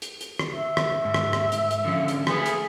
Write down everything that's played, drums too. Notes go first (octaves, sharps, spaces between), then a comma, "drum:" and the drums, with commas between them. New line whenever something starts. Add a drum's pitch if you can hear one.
drum: hi-hat
drum: hi-hat
drum: rim click
E5
drum: rim click
G#2
drum: rim click
drum: rim click
drum: hi-hat
drum: hi-hat
D3 F3 C#4
drum: hi-hat
A3 G#4 B4, drum: rim click
drum: hi-hat